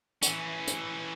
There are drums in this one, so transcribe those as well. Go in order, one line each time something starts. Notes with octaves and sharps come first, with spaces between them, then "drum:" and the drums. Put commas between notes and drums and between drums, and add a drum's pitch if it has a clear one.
E3 C#4, drum: hi-hat
drum: hi-hat